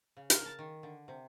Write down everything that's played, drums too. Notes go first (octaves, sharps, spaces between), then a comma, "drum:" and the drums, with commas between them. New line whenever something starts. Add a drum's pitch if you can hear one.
C#3
A#4, drum: hi-hat
A5
D#3
D3
C3